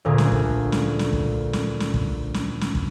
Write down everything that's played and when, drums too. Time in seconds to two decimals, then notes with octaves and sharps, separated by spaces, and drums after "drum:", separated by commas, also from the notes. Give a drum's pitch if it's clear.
0.05 D2 A#2 D3 G#4
0.18 drum: snare
0.32 drum: kick
0.72 drum: snare
0.99 drum: snare
1.13 drum: kick
1.53 drum: snare
1.80 drum: snare
1.94 drum: kick
2.34 drum: snare
2.61 drum: snare
2.75 drum: kick